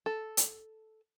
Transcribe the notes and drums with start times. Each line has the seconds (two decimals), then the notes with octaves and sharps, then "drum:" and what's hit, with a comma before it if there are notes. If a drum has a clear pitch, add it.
0.06 A4
0.37 drum: hi-hat